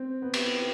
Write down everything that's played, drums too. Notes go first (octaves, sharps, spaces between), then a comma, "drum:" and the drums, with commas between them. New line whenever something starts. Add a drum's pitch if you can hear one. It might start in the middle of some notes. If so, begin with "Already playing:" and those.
Already playing: C4
B3
drum: cymbal